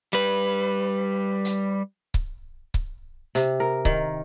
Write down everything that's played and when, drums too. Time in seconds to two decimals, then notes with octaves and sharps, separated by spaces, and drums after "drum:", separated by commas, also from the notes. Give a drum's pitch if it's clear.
0.13 G3 B4
1.45 drum: hi-hat
2.14 drum: kick C#1
2.74 drum: kick C#1
3.35 C3, drum: hi-hat
3.60 A#4
3.85 D#3, drum: kick C#1